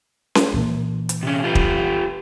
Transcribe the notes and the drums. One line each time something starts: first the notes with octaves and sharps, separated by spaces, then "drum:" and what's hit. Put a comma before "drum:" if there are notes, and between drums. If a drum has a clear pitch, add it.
drum: snare C#4
A#2 E3
drum: hi-hat
C3 C#4
F4 G4 B4
drum: kick